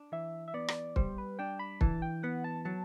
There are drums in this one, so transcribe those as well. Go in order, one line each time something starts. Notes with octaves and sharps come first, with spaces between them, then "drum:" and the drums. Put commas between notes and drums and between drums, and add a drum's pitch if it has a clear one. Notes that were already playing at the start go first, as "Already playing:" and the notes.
Already playing: D4
E3 E5
E5
B3 D5
drum: rim click
G3 C5, drum: kick
B4
D4 G5
B5
E3 A5, drum: kick
G5
B3 F#5
A5
F#3 A5